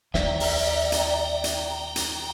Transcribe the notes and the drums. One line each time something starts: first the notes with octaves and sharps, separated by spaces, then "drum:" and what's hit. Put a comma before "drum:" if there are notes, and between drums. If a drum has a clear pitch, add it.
D#2 D5 E5 G5 A#5, drum: snare
drum: open hi-hat
drum: hi-hat
drum: hi-hat
drum: hi-hat